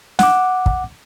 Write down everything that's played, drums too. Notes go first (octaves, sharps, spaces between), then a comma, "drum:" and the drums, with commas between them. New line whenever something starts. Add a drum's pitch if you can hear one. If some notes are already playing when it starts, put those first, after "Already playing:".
F#5 D6, drum: snare
drum: kick